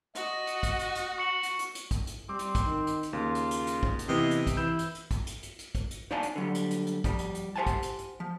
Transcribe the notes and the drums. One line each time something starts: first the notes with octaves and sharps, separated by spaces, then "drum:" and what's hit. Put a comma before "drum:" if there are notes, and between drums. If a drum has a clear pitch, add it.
F#4 D#5, drum: hi-hat
drum: hi-hat
drum: kick, hi-hat
drum: hi-hat
drum: hi-hat
C#6 C#7 F#7
drum: hi-hat
drum: hi-hat
drum: hi-hat
drum: kick, hi-hat
drum: hi-hat
G3 C4 D6
drum: hi-hat
drum: kick, hi-hat
D#3
drum: hi-hat
drum: hi-hat
D#2 C#3 F4
drum: hi-hat
drum: hi-hat
drum: hi-hat
drum: kick
drum: hi-hat
C3 E3 B3 E4 D#5
drum: hi-hat
drum: kick, hi-hat
E3 E4 G6 E7
drum: hi-hat
drum: hi-hat
drum: kick, hi-hat
drum: hi-hat
drum: hi-hat
drum: hi-hat
drum: kick, hi-hat
drum: hi-hat
D#4 C#5 D5 F5 G#5 A5
drum: hi-hat
D3 F#3 G3
drum: hi-hat
drum: hi-hat
drum: hi-hat
F3 G3, drum: kick, hi-hat
drum: hi-hat
drum: hi-hat
G4 C5 F#5 G#5 A5
drum: kick, hi-hat
drum: hi-hat
drum: hi-hat
F3